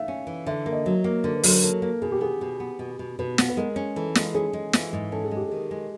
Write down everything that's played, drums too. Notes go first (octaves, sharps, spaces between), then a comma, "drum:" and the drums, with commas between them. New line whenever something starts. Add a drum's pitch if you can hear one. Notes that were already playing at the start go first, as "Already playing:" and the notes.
Already playing: A3 E5 F5
C#4
E3
D3 E5
A#3
D#5
F#3
A#3
D3 A#4
B4
F#3 A#4, drum: open hi-hat
A#3 A4
A#3
B2 G#4
G4
B3 G#4
B2
B3
B2
B2
B2 B4
B3, drum: snare
B4
G#3 A#4
C#4
E3 A4
G#3, drum: snare
C#4 G#4
G#3
E3, drum: snare
G#2
C#4 A4
G#4
G#3
G4
D#3 G#4
G#3